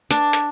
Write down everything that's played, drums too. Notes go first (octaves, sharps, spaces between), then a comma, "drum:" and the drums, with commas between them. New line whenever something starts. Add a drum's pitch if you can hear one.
D4, drum: hi-hat
drum: hi-hat